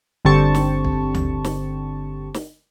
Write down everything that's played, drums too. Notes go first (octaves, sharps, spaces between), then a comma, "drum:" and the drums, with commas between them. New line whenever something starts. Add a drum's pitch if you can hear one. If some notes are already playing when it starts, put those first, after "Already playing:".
G1 D3 C4 G4 A5 C#6
drum: snare
drum: kick
drum: tom D2
drum: snare
drum: snare